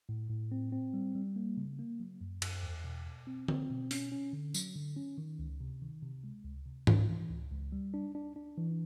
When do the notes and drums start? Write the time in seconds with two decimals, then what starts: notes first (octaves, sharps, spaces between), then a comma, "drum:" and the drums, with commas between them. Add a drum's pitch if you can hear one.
0.09 A2
0.30 A2
0.52 C4
0.72 C4
0.94 G3
1.15 G3
1.36 A#3
1.57 C#3
1.79 A#3
2.00 F#3
2.21 F#2
2.42 F#2, drum: cymbal
2.63 E2
2.84 B2
3.06 B2
3.27 C4
3.48 C4, drum: tom D3
3.70 B2
3.91 C#4, drum: open hi-hat
4.12 C#4
4.33 D3
4.54 F#3, drum: tambourine
4.76 D3
4.97 C#4
5.18 D#3
5.39 C#2
5.61 C3
5.82 D#3
6.02 C3
6.24 G#3
6.45 C#2
6.66 C3
6.87 C#2, drum: tom G#2
7.09 E3
7.30 C#2
7.51 C#2
7.72 G3
7.94 D4
8.15 D4
8.36 D4
8.58 E3